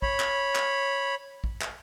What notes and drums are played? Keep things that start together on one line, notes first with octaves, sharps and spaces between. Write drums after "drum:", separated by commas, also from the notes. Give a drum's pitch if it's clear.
C#5 B5, drum: kick A1
drum: clap
drum: clap
drum: kick A1
drum: clap